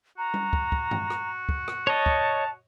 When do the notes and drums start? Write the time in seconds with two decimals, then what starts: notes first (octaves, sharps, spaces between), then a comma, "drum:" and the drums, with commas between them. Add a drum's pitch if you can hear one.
0.18 F#4 A#5
0.34 drum: tom G3
0.53 drum: kick
0.72 drum: kick
0.91 drum: tom G2
1.10 drum: rim click
1.49 drum: kick
1.68 drum: rim click
1.87 C#5 D#5 A5
2.06 drum: kick